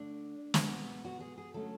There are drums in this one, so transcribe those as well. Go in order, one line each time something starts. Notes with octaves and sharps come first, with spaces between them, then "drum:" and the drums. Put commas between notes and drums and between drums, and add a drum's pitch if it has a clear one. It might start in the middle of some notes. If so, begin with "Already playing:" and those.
Already playing: D3 A3 D4
B2 G#3 B3, drum: snare
F#4
G#4
G#4
D3 F#3 A3 C#4 A4